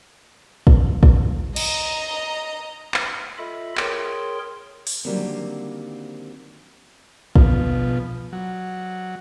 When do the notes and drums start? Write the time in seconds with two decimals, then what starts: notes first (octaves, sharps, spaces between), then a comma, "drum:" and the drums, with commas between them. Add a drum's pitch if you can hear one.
0.67 drum: kick
1.03 drum: kick
1.56 D#5 A#5, drum: cymbal
2.94 drum: clap
3.38 F4 A4 D#5 E5 B5
3.77 G#4 A#4 C#5 G5 C6, drum: clap
4.87 drum: open hi-hat
5.05 D3 D#3 F#3 G3 A#3 C4
7.36 B2 F3, drum: kick
8.33 F#3